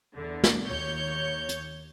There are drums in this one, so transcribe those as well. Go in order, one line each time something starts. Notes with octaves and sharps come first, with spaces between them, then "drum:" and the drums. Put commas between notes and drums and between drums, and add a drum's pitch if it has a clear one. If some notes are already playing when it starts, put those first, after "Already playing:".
E2 D3
drum: snare
D#2 C#5 G6 C#7
drum: hi-hat